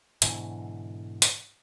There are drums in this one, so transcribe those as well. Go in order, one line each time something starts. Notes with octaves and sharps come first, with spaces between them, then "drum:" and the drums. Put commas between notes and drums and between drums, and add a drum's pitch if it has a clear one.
G#2 B2 D3 E3, drum: hi-hat
drum: hi-hat